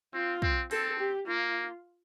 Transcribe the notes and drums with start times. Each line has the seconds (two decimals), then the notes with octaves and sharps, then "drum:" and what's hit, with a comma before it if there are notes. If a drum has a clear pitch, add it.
0.14 C4 F4
0.42 C4, drum: kick
0.71 C4 A4, drum: open hi-hat
0.99 G4
1.27 A#3 F4